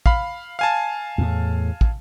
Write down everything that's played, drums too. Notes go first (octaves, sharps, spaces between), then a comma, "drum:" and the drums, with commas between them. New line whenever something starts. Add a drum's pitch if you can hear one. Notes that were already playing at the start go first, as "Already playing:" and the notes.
F5 B5, drum: kick
F5 G#5 A5
E2 A2
drum: kick